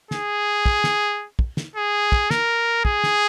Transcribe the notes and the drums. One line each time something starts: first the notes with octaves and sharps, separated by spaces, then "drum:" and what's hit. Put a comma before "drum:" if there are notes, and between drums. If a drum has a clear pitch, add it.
G#4, drum: snare
drum: kick
drum: snare
drum: kick
drum: snare
G#4
drum: kick
A#4, drum: snare
G#4, drum: kick
drum: snare